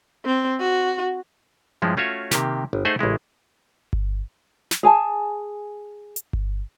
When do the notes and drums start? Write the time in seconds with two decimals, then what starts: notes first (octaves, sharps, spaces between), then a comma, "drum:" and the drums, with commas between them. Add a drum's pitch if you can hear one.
0.25 C4
0.60 F#4
1.82 G2 F3 G#3 C#4 E4
1.97 A3 C#4 F4 F#4 C#5 E5
2.31 C3 D#3 A#3 G4, drum: snare
2.73 G1
2.85 A3 D#4 G#4 C5 E5 F#5
2.99 A1 C#3 G#3 E4
3.93 drum: kick G1
4.71 drum: snare
4.83 G#4 G#5 A5
6.16 drum: hi-hat
6.33 drum: kick G1